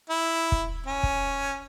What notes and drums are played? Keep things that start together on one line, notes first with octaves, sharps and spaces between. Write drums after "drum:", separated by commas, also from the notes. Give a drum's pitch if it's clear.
E4
drum: kick
C#4
drum: kick